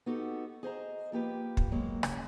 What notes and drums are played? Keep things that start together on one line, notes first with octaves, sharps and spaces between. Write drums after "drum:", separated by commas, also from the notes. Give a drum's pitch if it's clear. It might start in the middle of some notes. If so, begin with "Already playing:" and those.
B3 D#4 F#4 G4 A4
G#4 C5 D#5 A#5
F3 A#3 G4 B4
drum: kick
F#3 G#3 A#3
C#3, drum: rim click